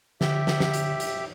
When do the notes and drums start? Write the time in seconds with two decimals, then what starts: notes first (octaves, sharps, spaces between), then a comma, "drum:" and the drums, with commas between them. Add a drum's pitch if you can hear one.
0.21 D3 G4 E5, drum: snare
0.47 drum: snare
0.60 drum: snare
0.74 drum: hi-hat
1.00 drum: hi-hat